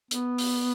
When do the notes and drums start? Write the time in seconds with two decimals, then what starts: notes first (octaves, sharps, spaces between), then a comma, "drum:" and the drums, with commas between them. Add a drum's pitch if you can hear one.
0.11 B3, drum: hi-hat
0.38 drum: open hi-hat